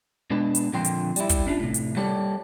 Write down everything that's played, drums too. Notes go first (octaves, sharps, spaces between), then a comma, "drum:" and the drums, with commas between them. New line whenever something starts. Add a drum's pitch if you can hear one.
B2 G#3 D4 B4
drum: hi-hat
A#2 D3 F3 C4 G5 C6
drum: hi-hat
G3 E4, drum: hi-hat
drum: kick, hi-hat
C#4 D4 F4
A2 C3
drum: hi-hat
G3 A#3 G4 A4 C#5 D5